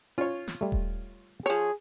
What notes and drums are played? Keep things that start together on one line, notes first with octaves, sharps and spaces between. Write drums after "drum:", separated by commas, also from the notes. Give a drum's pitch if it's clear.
C#4 F4 C#5
drum: snare
G3 A3
drum: kick D#1
F3 G#4 C#5